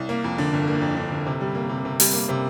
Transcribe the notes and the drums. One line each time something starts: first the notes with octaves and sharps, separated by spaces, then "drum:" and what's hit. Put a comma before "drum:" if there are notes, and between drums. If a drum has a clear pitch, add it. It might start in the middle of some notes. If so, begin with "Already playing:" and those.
Already playing: C2
A#3
F2
D3
G1
A#3
F2
D3
G1
C3
G3
A#3
C3
C3
G3, drum: open hi-hat
A#3
C3